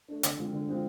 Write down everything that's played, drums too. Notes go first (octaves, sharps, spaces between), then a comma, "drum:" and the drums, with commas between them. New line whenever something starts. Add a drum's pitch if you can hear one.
A3 D4
D3, drum: hi-hat
F3 G#3 C4 F4
D3
F3 G#3 C4 F4